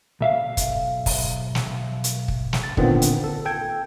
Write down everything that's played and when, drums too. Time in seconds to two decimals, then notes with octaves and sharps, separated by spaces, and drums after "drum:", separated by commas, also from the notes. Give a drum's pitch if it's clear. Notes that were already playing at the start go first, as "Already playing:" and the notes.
0.21 B1 E5 F5
0.57 drum: kick, hi-hat
1.06 drum: kick, open hi-hat
1.55 drum: snare
2.04 drum: hi-hat
2.28 drum: kick
2.53 drum: snare
2.64 A6
2.77 A#2 D3 D#3 B3 C4, drum: kick
3.02 drum: hi-hat
3.24 A4
3.45 A4 G5 G#6